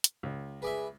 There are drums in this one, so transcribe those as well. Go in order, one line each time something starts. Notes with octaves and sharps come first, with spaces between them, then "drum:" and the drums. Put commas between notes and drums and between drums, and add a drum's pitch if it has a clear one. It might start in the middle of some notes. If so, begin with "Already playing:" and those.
drum: hi-hat
C#2
G#4 B4 D5 E5